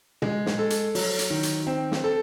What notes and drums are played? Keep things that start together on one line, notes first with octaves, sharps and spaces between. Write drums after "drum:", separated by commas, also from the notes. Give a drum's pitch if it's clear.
G#3, drum: tom
drum: snare
A4
drum: hi-hat
F#3, drum: open hi-hat
drum: hi-hat
D#3
drum: hi-hat
C4
drum: snare
A4